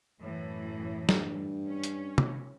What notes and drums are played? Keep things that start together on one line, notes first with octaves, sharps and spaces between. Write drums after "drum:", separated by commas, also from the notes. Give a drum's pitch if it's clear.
F#2 A2 E3
G2, drum: snare
C#4
drum: hi-hat
drum: tom